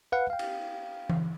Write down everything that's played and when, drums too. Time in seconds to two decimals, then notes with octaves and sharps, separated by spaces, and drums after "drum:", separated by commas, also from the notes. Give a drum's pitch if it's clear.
0.12 B4 F5 F#5
0.30 F5 G5
0.39 drum: cymbal
1.09 drum: tom E3